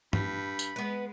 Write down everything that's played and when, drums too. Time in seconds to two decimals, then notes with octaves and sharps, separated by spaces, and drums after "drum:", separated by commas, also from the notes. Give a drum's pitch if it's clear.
0.13 G2 B5, drum: tom
0.59 drum: tambourine
0.76 G#3 B3 B4